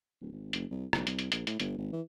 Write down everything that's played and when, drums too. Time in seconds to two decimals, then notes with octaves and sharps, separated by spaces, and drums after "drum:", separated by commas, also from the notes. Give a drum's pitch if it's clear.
0.21 D1
0.32 G#1
0.53 F#1, drum: hi-hat
0.71 C2
0.93 B1, drum: rim click
1.07 C2, drum: hi-hat
1.19 drum: hi-hat
1.32 A#1, drum: hi-hat
1.47 A2, drum: hi-hat
1.60 G1, drum: hi-hat
1.78 G#1
1.92 E3